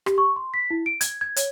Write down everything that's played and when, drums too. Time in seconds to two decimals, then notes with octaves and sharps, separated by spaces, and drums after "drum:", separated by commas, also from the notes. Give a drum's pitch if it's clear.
0.06 G4, drum: rim click
0.18 C#6
0.36 C6
0.54 B6
0.70 E4
0.86 D7
1.01 G#6, drum: hi-hat
1.21 G#6
1.36 C#5, drum: hi-hat